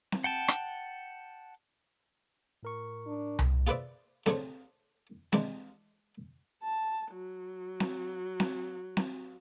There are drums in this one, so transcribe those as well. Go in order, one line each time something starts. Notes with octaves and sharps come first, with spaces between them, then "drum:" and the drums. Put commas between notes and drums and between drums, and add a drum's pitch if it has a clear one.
drum: snare C4
F#5 G5 A5
drum: rim click
A2 A#4 C#6
D4
drum: tom C2
F4 G#4 B4 C5 D5 E5
A2 A3 D4 G#4 C5 C#5, drum: snare C4
E3 G#3 D4, drum: snare C4
A5
F#3
drum: snare C4
drum: snare C4
drum: snare C4